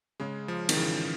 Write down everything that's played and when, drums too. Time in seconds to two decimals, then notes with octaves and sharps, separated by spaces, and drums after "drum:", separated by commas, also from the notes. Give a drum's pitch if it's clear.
0.20 C#3 G#3
0.48 F3
0.69 D#3, drum: cymbal
0.77 C#3 E3